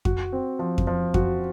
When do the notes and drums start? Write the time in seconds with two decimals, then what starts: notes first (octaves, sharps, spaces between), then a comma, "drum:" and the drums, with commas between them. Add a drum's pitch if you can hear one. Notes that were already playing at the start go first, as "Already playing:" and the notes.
0.05 F#4, drum: kick F2
0.33 C4
0.59 F3
0.78 drum: kick F2
0.87 F3
1.14 F#4, drum: kick F2